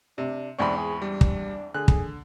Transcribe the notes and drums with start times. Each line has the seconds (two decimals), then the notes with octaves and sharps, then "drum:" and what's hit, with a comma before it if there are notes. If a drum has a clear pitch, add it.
0.18 C3 D4
0.59 E2 G#2 C4 D4 B5 C#6
0.77 G#4
1.02 G3 D4
1.21 drum: kick
1.74 D3 G#4 F#6
1.88 drum: kick